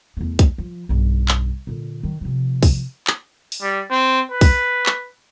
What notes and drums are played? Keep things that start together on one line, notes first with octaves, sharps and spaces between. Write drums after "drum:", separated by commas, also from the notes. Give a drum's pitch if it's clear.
E2 A3
drum: kick, hi-hat
F3
B1 G2
drum: clap
A#2 D3
D#3 F#3
C3 F3
drum: kick, open hi-hat
drum: clap
drum: open hi-hat
G3
C4
B4
drum: kick, open hi-hat
drum: clap